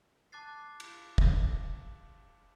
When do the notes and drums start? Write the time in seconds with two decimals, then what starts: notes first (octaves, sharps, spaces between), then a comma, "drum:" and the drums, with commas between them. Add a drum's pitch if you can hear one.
0.32 A5 D6 F#6 A6 C7
0.80 drum: cymbal
1.18 drum: kick